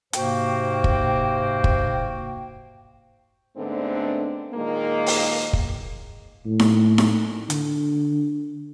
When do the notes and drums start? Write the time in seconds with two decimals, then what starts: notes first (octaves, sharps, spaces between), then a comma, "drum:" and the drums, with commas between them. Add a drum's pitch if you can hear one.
0.13 G#2 C3 A#3 F#4 C5 G5, drum: hi-hat
0.84 drum: kick
1.64 drum: kick
3.56 G#2 D3 A3 B3 C4 D4
4.54 A#2 D#3 G#3 A#3
5.07 drum: open hi-hat
5.53 drum: kick
6.46 A2
6.59 drum: snare D#4
6.98 drum: snare D#4
7.50 D3, drum: hi-hat